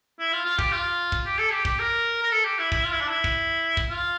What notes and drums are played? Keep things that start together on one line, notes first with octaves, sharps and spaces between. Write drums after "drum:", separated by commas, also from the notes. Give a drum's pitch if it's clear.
E4
F4
F4
G4, drum: kick
F4
drum: kick
G4
A4
G4
G4, drum: kick
A#4
A#4
A4
G4
E4
E4, drum: kick
F4
E4
D4
E4
drum: kick
drum: kick
F4